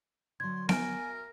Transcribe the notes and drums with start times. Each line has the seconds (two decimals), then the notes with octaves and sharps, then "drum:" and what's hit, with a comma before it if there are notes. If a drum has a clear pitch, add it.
0.40 D3 F#3 C6 G#6
0.69 A#4 G#5 D7, drum: snare B3